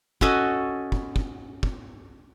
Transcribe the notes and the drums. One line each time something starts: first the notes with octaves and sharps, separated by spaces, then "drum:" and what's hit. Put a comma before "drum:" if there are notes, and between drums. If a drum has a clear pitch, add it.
C#4 F#4 A4 D#5, drum: kick
drum: kick
drum: kick
drum: kick